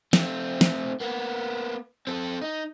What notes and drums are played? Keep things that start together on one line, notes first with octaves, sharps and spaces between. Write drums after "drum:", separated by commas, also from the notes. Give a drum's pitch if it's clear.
A3 C4, drum: snare
drum: snare
A#3 B3
C4 A4
D#4